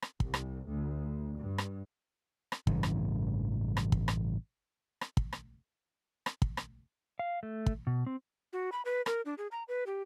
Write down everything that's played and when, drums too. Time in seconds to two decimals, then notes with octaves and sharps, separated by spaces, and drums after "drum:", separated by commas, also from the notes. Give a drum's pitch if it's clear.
0.02 drum: rim click
0.20 C2, drum: kick
0.34 drum: rim click
0.68 D2
1.35 G2
1.58 drum: rim click
2.52 drum: rim click
2.67 A1 G2 C#3 E3, drum: kick
2.83 drum: rim click
3.77 drum: rim click
3.92 drum: kick
4.08 drum: rim click
5.01 drum: rim click
5.17 drum: kick
5.33 drum: rim click
6.26 drum: rim click
6.42 drum: kick
6.57 drum: rim click
7.19 F5
7.43 A3
7.66 drum: kick
7.87 B2
8.06 C4
8.53 F#4
8.72 B5
8.85 B4
9.06 A#4, drum: rim click
9.25 D4
9.38 G#4
9.51 A#5
9.68 B4
9.86 G4